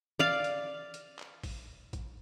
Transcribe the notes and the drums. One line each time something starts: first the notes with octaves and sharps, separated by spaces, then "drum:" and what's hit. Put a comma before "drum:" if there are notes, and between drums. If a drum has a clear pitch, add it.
D5 F5
drum: hi-hat
drum: hi-hat
drum: clap
drum: kick A1, open hi-hat
drum: kick A1, hi-hat